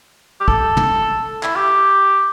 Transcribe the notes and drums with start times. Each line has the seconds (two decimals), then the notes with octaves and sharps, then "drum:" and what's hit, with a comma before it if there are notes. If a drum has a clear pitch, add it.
0.40 G4
0.48 A4, drum: kick
0.77 drum: tom
1.43 E4, drum: clap
1.56 G4